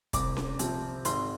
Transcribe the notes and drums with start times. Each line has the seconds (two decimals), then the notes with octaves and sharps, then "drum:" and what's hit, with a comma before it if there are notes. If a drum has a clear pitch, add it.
0.13 C2 D6, drum: kick, hi-hat
0.37 drum: snare C#4
0.59 C3 F3 C4, drum: hi-hat
1.05 G#1 C6, drum: hi-hat